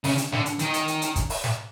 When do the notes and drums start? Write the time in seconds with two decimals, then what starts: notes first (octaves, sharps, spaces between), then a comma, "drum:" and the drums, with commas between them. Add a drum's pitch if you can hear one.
0.04 C#3, drum: open hi-hat
0.18 drum: hi-hat
0.32 D3, drum: snare
0.46 drum: hi-hat
0.59 D#3, drum: hi-hat
0.74 drum: hi-hat
0.88 drum: hi-hat
1.02 drum: hi-hat
1.16 drum: kick, hi-hat
1.30 drum: open hi-hat
1.44 drum: snare